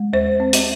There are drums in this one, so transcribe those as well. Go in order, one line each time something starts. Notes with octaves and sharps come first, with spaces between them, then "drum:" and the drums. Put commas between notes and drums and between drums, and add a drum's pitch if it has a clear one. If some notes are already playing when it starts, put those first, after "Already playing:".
Already playing: G#3
D#2 C5
C4
drum: hi-hat